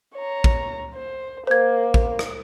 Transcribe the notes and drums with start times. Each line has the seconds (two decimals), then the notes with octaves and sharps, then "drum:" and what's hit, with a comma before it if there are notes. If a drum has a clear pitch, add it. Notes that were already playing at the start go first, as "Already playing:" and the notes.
0.15 C#5 A#5
0.44 drum: kick
0.94 C5
1.47 A#3 C5 G#6
1.94 drum: kick
2.19 drum: rim click